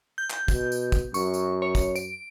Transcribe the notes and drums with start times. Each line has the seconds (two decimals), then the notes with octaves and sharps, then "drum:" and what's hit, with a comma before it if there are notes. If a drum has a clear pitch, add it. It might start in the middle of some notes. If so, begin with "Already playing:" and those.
0.18 G6
0.30 drum: clap
0.48 B2, drum: kick, tambourine
0.72 drum: tambourine
0.92 drum: kick, tambourine
1.14 F#2 C#6, drum: tambourine
1.34 drum: tambourine
1.62 C#5
1.75 drum: kick, tambourine
1.96 D7, drum: tambourine